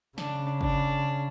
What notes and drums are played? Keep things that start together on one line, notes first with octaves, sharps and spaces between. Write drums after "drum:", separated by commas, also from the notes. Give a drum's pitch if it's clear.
C#3 D4, drum: snare
D4, drum: kick G1